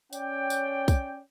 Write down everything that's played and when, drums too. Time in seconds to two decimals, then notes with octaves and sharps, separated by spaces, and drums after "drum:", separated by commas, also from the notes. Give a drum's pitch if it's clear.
0.13 C#4 C#5 D5 G5, drum: tambourine
0.50 drum: tambourine
0.88 drum: kick, tambourine